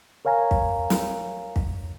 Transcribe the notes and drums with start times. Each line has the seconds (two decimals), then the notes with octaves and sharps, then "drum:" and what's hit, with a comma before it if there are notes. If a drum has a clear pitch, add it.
0.25 A#4 C#5 F5 G#5 A#5
0.51 drum: kick
0.90 drum: snare
1.56 drum: kick